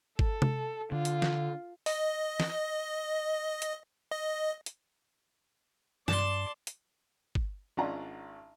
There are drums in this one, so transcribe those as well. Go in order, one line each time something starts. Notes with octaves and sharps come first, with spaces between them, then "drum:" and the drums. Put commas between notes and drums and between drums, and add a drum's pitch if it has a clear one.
A4, drum: kick G1
drum: tom C3
D3 F4
drum: hi-hat
drum: snare
D#5, drum: open hi-hat
drum: snare
drum: hi-hat
D#5
drum: hi-hat
G2 D5 A5 C6, drum: snare
drum: hi-hat
drum: kick G1
G#1 C#4 D4 F4 F#5 A#5